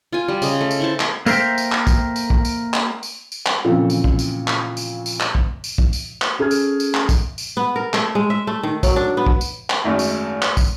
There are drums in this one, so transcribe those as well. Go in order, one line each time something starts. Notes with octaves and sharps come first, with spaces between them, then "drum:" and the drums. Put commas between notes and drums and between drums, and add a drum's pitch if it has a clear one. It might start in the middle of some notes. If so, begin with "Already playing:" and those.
F4 G#5
G3
C#3 D#5, drum: tambourine
A3
drum: tambourine
E4 C5 A5
drum: clap
A#3 A4 A#4 C5 E5 G5, drum: tambourine
drum: tambourine
drum: clap
drum: kick, tambourine
drum: tambourine
drum: kick
drum: tambourine
drum: clap
drum: tambourine
drum: tambourine
drum: clap
A#2 C#3 E3 F3 C4 A4
drum: tambourine
drum: kick
drum: tambourine
drum: clap
drum: tambourine
drum: tambourine
drum: clap
drum: kick
drum: tambourine
drum: kick
drum: tambourine
drum: clap
C#4 G#4 A4 F6 G#6
drum: tambourine
drum: tambourine
drum: clap
drum: kick, tambourine
drum: tambourine
B3
A#4
A3, drum: clap
G#3
E5
A3
D#3
F#3, drum: kick, tambourine
D4
B3
drum: kick
drum: tambourine
drum: clap
G#1 F#2 A3 D#4
drum: tambourine
drum: clap
drum: kick, tambourine